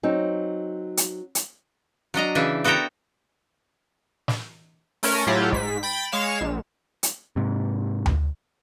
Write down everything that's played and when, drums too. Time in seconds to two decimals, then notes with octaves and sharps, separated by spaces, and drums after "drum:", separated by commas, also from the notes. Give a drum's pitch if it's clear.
0.03 F#3 C4 D#4
0.97 drum: hi-hat
1.35 drum: hi-hat
2.14 F#3 D4 D#5 A#5
2.35 C#3 E3 D4 E5
2.64 B3 F#4 A4 E5 G5 A#5
4.28 drum: snare
5.03 A3 C#4 A#4, drum: open hi-hat
5.27 A2 F#3 E4 F4 G4
5.52 G#2 B6, drum: kick
5.83 G5 B5 A6
6.12 G#3 C#5 F5 E7
6.41 A#1
7.03 drum: hi-hat
7.36 G#2 C3
8.06 drum: tom D2